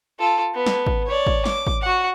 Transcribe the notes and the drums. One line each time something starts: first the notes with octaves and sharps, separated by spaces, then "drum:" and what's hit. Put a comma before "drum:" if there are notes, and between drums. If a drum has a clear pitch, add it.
F4 A4
B3
drum: snare
drum: kick G#1
C#5 D5
drum: kick G#1
D6, drum: snare
drum: kick G#1
F#4 F#5